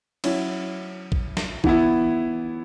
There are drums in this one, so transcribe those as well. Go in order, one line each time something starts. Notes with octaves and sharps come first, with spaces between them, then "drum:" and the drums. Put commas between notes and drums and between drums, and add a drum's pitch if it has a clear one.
F#3 C#4 E4, drum: cymbal
drum: kick
drum: snare
E3 B3 E4, drum: kick